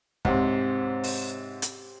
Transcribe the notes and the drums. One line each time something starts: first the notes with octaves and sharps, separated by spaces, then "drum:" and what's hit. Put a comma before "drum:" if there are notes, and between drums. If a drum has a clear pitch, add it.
G#2 C3 G4 C5 C#5, drum: kick
drum: open hi-hat
drum: hi-hat